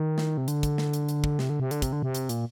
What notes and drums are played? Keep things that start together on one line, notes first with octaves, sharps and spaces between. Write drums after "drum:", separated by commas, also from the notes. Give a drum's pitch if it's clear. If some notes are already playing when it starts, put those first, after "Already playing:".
Already playing: D#3
drum: snare
C3
D3, drum: hi-hat
drum: kick, hi-hat
drum: snare
drum: hi-hat
drum: hi-hat
drum: kick
C3, drum: snare
D3
C3
D3, drum: hi-hat
C3, drum: kick, hi-hat
D3
C3
drum: hi-hat
A#2, drum: hi-hat